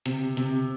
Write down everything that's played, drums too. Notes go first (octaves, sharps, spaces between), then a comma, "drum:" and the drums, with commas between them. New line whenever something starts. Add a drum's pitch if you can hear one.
C3, drum: hi-hat
C3, drum: hi-hat